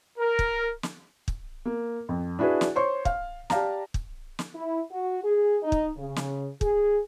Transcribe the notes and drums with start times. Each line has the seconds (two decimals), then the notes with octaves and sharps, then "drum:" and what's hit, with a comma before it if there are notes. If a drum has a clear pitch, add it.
0.18 A#4
0.39 drum: kick
0.83 drum: snare
1.28 drum: kick
1.65 A#3
2.09 F2
2.39 D4 E4 F#4 G#4 B4
2.61 drum: snare
2.76 C5 C#5 C6 C#6
3.05 F5, drum: kick
3.50 G4 D5 F5 A5 A#5, drum: snare
3.94 drum: kick
4.39 drum: snare
4.54 E4
4.91 F#4
5.24 G#4
5.62 D#4
5.72 drum: kick
5.97 C#3
6.16 drum: snare
6.61 G#4, drum: kick